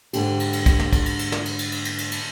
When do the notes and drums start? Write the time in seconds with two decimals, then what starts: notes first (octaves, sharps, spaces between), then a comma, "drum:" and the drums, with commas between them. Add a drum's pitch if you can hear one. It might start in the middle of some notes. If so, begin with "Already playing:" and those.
0.13 G#2 D3 G4, drum: cymbal
0.40 drum: cymbal
0.53 drum: cymbal
0.66 drum: kick, cymbal
0.79 drum: snare
0.93 drum: kick, cymbal
1.06 drum: cymbal
1.19 drum: cymbal
1.32 drum: snare
1.45 drum: cymbal
1.59 drum: cymbal
1.72 drum: cymbal
1.85 drum: cymbal
1.98 drum: cymbal
2.12 drum: cymbal